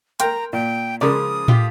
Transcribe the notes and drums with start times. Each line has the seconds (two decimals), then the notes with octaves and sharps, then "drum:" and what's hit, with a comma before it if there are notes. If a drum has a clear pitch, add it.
0.20 A#4 G5 A#5 C6, drum: hi-hat
0.53 A#2 G5
1.01 C#3 F3 G#3 A#4 D5 D#6
1.48 A3 F4 G4, drum: tom